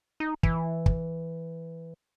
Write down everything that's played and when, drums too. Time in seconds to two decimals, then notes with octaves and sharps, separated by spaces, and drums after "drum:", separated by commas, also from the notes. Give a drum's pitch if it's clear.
0.20 D#4
0.43 E3, drum: kick
0.86 drum: kick